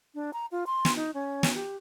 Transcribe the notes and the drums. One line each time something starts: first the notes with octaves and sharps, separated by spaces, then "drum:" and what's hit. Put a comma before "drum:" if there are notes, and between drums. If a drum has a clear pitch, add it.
D4
A#5
F4
C6
drum: snare
D#4
C#4
drum: snare
G4